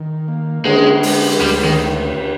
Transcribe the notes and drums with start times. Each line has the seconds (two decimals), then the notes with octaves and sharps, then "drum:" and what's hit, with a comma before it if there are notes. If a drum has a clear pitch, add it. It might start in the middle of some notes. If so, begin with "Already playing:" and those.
Already playing: D#3
0.28 A#3
0.65 D3 G#3, drum: cymbal
1.03 G#3, drum: open hi-hat
1.41 D2 G3
1.64 D#3